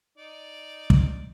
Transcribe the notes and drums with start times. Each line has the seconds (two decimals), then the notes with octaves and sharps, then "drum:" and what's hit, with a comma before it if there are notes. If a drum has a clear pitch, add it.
0.18 D#4 D5
0.90 drum: kick